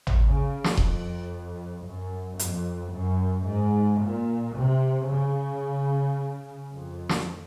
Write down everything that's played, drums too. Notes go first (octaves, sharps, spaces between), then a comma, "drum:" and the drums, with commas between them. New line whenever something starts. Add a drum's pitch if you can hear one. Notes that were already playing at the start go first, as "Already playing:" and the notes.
drum: tom G#1
C#3
drum: snare
F2, drum: kick D#1
F#2
F2, drum: hi-hat
F#2
G#2
A#2
C3
C#3
F2
drum: snare